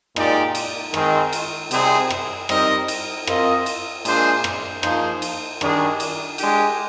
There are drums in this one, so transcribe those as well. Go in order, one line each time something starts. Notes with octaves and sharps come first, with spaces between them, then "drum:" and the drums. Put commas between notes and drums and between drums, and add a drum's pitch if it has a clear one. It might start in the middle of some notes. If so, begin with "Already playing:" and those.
A#2 G#3 D#4 G4 D5, drum: rim click
drum: cymbal
D#3 G#3 C4, drum: rim click
drum: cymbal
C3 G3 C4 D#4 G#4, drum: cymbal
drum: rim click
G3 C4 D#4 A#4 D#5, drum: rim click
drum: cymbal
C4 F4 A#4 D#5, drum: rim click
drum: cymbal
A#2 G#3 D4 G#4 C5, drum: cymbal
drum: rim click
F3 A#3 D#4 G#4 C5, drum: rim click
drum: cymbal
D#3 G3 D4 G#4, drum: rim click
drum: cymbal
G#3 D4 G4, drum: cymbal